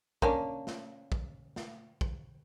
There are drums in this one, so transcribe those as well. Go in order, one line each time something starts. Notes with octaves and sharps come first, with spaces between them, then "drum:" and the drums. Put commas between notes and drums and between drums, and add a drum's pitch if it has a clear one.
A#3 C#4 D4, drum: kick
drum: snare
drum: kick
drum: snare
drum: kick